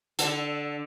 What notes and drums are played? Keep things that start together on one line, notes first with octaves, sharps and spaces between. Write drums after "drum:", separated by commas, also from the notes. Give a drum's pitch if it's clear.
D3 A4, drum: hi-hat